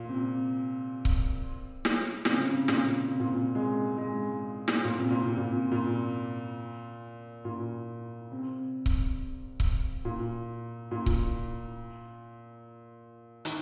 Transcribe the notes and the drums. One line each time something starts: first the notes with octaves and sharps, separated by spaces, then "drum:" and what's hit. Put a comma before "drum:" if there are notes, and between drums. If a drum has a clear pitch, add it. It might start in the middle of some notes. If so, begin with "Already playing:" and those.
Already playing: A#2
C3
drum: kick C#1
drum: snare
C3, drum: snare
C#3
C3
A#2, drum: snare
C3
A#2
C3
G#3
G#3
drum: snare
A#2
C3
A#2
C3
A#2
A#2
A#2
C3
drum: kick C#1
drum: kick C#1
A#2
A#2
drum: kick C#1
D#3, drum: hi-hat